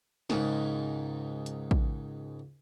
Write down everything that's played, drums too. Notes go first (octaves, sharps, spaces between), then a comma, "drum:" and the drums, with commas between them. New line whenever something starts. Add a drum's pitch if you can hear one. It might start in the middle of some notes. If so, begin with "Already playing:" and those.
C#2 G#2 D#3, drum: snare
drum: hi-hat
drum: kick